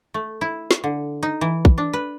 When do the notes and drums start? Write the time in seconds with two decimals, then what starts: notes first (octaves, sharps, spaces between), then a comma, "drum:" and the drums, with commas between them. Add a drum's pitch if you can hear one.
0.14 A3
0.41 E4
0.71 drum: snare
0.84 D3
1.23 D#4
1.41 E3
1.65 drum: kick
1.78 D4
1.93 B4